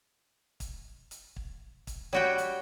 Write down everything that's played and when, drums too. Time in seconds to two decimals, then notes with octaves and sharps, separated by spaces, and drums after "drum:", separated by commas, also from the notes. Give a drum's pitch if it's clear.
0.60 drum: kick, hi-hat
1.11 drum: hi-hat
1.36 drum: kick
1.87 drum: kick, hi-hat
2.13 G3 F#4 C#5 G5
2.38 drum: hi-hat